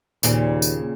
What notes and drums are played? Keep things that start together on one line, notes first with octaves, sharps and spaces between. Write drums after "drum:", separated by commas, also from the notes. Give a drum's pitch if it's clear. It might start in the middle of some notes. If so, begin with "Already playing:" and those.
D#2 A#2 C#3 C4, drum: tambourine
drum: tambourine